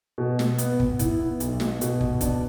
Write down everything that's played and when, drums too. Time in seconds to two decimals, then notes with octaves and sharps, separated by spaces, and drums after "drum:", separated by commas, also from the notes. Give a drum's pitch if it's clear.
0.18 B2
0.39 B2, drum: snare
0.58 B3, drum: hi-hat
0.80 B3, drum: kick
0.99 E4, drum: kick, hi-hat
1.19 B3
1.40 B1, drum: hi-hat
1.60 B2, drum: snare
1.81 B2, drum: hi-hat
2.01 B3, drum: kick
2.21 D4, drum: kick, hi-hat